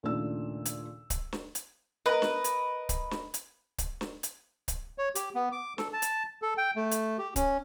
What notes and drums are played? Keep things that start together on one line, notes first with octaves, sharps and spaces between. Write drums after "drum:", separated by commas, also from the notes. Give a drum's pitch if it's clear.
D#2 A#2 C#3 A3 D4 E6
drum: hi-hat
drum: kick C#1, hi-hat
drum: snare
drum: hi-hat
A#4 B4 D#5
drum: snare
drum: hi-hat
drum: kick C#1, hi-hat
drum: snare
drum: hi-hat
drum: kick C#1, hi-hat
drum: snare
drum: hi-hat
drum: kick C#1, hi-hat
C#5
G4, drum: hi-hat
B3
D6
A4, drum: snare
A5
drum: hi-hat
A4
G5
A3
drum: hi-hat
G4
C#4, drum: kick C#1, hi-hat